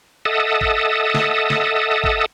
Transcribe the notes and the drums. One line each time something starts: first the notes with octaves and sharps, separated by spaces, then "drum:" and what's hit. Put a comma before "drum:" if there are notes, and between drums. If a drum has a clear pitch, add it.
A4 D#5 E5 F#5 A5 D#6
drum: kick
drum: snare
drum: snare
drum: kick